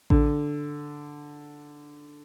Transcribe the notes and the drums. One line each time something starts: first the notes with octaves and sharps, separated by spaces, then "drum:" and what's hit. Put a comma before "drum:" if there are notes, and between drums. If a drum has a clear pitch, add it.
D3, drum: kick A1